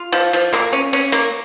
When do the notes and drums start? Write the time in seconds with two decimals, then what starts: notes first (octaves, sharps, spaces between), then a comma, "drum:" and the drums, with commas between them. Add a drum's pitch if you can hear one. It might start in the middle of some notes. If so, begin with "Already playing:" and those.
Already playing: F4
0.12 F3, drum: cymbal
0.33 F3, drum: cymbal
0.53 A#3, drum: clap
0.73 C#4
0.93 C#4, drum: cymbal
1.12 A#3, drum: cymbal